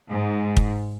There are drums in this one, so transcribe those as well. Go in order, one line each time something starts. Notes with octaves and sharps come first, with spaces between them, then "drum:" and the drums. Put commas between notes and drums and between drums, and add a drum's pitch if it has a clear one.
G#2
drum: kick